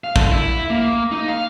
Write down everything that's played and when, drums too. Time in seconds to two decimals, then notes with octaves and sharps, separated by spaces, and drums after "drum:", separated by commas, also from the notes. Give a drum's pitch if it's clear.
0.04 F5
0.16 D3, drum: kick
0.30 E4
0.70 A#3
1.12 D#4
1.28 F5